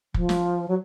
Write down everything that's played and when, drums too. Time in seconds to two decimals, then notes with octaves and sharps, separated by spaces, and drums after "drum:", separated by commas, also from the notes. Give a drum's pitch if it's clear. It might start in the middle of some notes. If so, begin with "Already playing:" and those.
0.14 F3, drum: kick
0.29 drum: snare
0.68 F#3